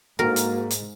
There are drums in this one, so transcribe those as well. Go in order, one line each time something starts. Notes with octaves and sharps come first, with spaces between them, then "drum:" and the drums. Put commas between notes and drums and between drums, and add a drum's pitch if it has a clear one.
G#2 A#3 F#4 A#4
drum: hi-hat
drum: hi-hat